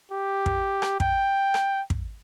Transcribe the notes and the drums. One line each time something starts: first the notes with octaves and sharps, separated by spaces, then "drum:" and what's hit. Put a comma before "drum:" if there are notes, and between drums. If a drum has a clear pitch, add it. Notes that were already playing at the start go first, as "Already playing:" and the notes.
G4
drum: kick
drum: rim click
G5, drum: kick
drum: rim click
drum: kick